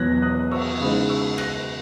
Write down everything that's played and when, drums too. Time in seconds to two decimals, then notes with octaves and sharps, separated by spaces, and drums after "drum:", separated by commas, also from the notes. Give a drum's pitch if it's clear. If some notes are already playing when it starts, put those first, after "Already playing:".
Already playing: E2 B2 F#3 B3 F#6 G#6 A#6
0.22 D#6 F#6
0.51 C#6 E6, drum: cymbal
0.80 C#3 G#3 B3 D#4 B5 D#6
1.09 C#6 E6
1.38 F#6 A#6, drum: rim click